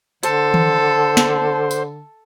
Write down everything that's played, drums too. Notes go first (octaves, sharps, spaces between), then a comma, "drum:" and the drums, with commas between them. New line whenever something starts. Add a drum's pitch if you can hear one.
D3 A4 C5, drum: hi-hat
drum: tom D#3
drum: snare
drum: tambourine